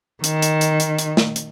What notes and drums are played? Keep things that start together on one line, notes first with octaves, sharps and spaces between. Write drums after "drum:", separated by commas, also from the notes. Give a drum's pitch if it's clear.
D#3, drum: hi-hat
drum: hi-hat
drum: hi-hat
drum: hi-hat
drum: hi-hat
drum: snare
drum: hi-hat